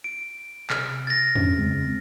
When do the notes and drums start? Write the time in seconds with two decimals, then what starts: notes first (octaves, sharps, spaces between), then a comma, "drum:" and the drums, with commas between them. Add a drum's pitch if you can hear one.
0.04 D7
0.70 C3 F6, drum: clap
1.07 A6 A#6
1.35 C#4, drum: tom
1.58 C#3 G#3 C4